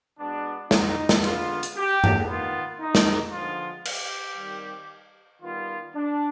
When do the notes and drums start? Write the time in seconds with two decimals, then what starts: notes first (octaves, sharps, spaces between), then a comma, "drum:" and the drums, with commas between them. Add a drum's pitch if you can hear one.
0.19 B2 G#3 B3 D4
0.71 D#4, drum: snare
1.09 drum: snare
1.24 D3 G#3 B3 F4, drum: cymbal
1.63 drum: hi-hat
1.76 G4
2.04 drum: tom G2
2.27 D#3 B3 F4
2.80 D#4
2.95 drum: snare
3.32 D3 F3 G#3 B3 F4
3.85 G4, drum: cymbal
4.37 D#3 G3 C4
5.41 D#3 G3 B3 F4
5.94 D4